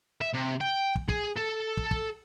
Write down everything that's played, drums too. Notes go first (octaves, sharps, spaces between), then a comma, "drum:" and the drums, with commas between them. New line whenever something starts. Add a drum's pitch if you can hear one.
E5
C3
G5
drum: kick
G#4, drum: kick
A4
drum: kick
drum: kick